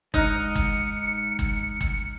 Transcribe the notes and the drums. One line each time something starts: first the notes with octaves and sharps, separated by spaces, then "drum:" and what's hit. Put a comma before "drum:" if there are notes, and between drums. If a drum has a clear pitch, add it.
G#2 D#4 A#5 F6 F#6 C#7, drum: kick
drum: kick
drum: kick
drum: kick